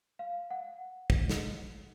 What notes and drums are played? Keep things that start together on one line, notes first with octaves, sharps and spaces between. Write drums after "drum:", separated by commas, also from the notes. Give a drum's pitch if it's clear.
F5
F#5
drum: kick
drum: snare